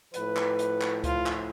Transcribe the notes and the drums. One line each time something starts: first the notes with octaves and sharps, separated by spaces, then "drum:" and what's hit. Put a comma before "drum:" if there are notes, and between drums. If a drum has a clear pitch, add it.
A2 F3 B4, drum: hi-hat
drum: clap
drum: hi-hat
drum: clap
F4, drum: kick C#2, hi-hat
drum: clap